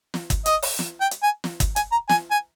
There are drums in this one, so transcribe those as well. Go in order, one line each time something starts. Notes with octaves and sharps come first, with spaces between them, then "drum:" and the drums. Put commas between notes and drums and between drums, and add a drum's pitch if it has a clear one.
drum: snare
drum: kick, hi-hat
D#5, drum: hi-hat
drum: open hi-hat
drum: snare
G5
drum: hi-hat
G#5
drum: snare
drum: kick, hi-hat
G#5, drum: hi-hat
A#5
G#5, drum: snare
G#5